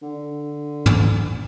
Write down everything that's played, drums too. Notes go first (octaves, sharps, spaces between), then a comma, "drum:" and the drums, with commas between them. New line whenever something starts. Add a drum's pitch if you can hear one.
D3
drum: tom